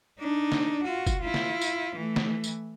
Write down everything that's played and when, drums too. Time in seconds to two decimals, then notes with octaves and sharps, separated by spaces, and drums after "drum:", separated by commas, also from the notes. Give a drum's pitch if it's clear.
0.20 D4 D#4
0.52 drum: snare
0.84 F4 F#4
1.07 drum: kick, tambourine
1.20 E4 F4
1.34 drum: snare
1.61 drum: tambourine
1.96 E3 A3
2.16 drum: snare
2.44 drum: tambourine